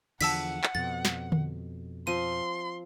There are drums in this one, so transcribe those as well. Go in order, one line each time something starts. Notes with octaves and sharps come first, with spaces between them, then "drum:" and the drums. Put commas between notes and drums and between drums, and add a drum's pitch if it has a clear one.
E2 D3 F3 F#5 A5 E6 B6, drum: cymbal
drum: clap
F2 B2 A6
drum: snare
drum: tom D3
F3 C4 C6 D#7